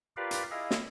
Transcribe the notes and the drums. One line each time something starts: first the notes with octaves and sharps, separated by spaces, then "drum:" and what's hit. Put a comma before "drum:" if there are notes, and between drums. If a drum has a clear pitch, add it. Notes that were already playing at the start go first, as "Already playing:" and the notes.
F4 G4 A#4 B4 D5 F5
drum: hi-hat
E4 G#4 D#5 F5
drum: snare